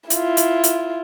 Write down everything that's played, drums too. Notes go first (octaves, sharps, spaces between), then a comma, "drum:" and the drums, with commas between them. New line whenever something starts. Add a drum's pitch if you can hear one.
E4 F4, drum: hi-hat
drum: hi-hat
drum: hi-hat